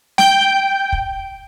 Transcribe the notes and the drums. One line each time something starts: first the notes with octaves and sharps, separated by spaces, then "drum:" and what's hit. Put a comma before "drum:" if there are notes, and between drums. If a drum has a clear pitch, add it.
G5, drum: snare
drum: kick